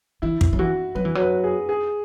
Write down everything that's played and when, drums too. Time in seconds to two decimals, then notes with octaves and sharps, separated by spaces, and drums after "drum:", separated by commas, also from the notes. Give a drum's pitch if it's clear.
0.22 E3 E4
0.41 drum: kick
0.53 F#3
0.59 E3 F#4
0.95 F#3 B4
1.05 E3
1.15 F#3 B4
1.44 G#4
1.69 G#4